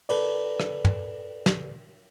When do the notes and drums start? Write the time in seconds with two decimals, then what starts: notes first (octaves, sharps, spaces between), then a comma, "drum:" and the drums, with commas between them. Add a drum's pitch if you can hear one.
0.09 A4 B4 D5, drum: cymbal
0.60 drum: rim click
0.85 drum: tom
1.46 drum: snare